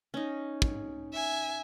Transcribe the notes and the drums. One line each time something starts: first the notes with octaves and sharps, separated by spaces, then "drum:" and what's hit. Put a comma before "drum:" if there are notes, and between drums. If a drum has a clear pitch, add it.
C#4 D#4
drum: kick
E5 G#5